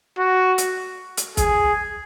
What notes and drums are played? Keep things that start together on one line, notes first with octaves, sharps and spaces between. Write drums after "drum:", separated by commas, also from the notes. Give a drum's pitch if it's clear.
F#4
drum: hi-hat
drum: hi-hat
G#4, drum: kick, hi-hat